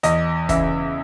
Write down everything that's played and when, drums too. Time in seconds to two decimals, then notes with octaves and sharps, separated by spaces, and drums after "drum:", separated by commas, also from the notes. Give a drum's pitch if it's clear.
0.03 E2 D#5, drum: hi-hat
0.49 C#3 E3 E5, drum: kick, hi-hat